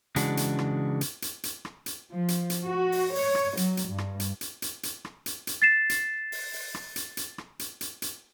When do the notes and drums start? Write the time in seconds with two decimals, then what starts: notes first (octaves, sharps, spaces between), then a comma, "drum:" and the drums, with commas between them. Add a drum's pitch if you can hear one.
0.16 C#3 E3 G#3 D4 F#4, drum: hi-hat
0.37 drum: hi-hat
0.59 drum: rim click
1.01 drum: hi-hat
1.22 drum: hi-hat
1.43 drum: hi-hat
1.65 drum: rim click
1.86 drum: hi-hat
2.12 F3
2.28 drum: hi-hat
2.50 drum: hi-hat
2.66 F#4
2.92 drum: open hi-hat
3.15 C#5, drum: open hi-hat
3.35 drum: rim click
3.57 F#3, drum: hi-hat
3.77 drum: hi-hat
3.89 G2
3.98 drum: rim click
4.20 drum: hi-hat
4.41 drum: hi-hat
4.62 drum: hi-hat
4.83 drum: hi-hat
5.05 drum: rim click
5.26 drum: hi-hat
5.47 drum: hi-hat
5.62 A6 C7 E7
5.90 drum: hi-hat
6.32 drum: open hi-hat
6.53 drum: open hi-hat
6.74 drum: rim click
6.96 drum: hi-hat
7.17 drum: hi-hat
7.38 drum: rim click
7.59 drum: hi-hat
7.81 drum: hi-hat
8.02 drum: hi-hat